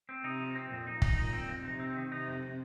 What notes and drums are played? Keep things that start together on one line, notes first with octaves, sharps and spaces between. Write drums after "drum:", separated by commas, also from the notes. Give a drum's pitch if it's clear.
C4
C3 D#4
F3
C4
F2 A#2
D#4
D#4, drum: kick
A#2 D#4
C4
F2
C3 D#4
C4
D#3
C3 D#4
F2